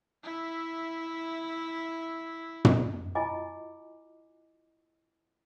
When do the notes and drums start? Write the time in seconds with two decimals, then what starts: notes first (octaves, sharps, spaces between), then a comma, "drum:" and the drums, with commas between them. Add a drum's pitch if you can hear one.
0.24 E4 E5
2.65 drum: tom
3.15 E4 F4 D#5 G#5 D6